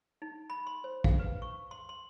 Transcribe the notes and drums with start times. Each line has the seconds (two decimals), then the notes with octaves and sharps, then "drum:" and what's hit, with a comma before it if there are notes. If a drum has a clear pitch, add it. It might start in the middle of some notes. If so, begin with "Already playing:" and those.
0.22 D#4
0.50 B5
0.67 C6
0.84 C5
1.04 F5, drum: kick
1.19 B4
1.42 C#6
1.71 C6
1.89 C6